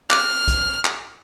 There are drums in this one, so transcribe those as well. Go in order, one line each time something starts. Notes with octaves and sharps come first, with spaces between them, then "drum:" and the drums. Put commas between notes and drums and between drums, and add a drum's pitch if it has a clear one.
D6 F6 F#6, drum: clap
drum: kick B1, hi-hat
drum: clap